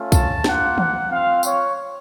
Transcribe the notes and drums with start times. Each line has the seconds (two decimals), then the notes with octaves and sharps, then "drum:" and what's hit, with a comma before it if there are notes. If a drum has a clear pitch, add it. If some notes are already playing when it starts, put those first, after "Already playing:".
Already playing: A3 C#4 F4
0.12 A5, drum: kick, tambourine
0.44 A#3 F4 F#5, drum: snare
0.78 F#5, drum: tom
1.10 C4 F4 F5
1.43 C#5, drum: tambourine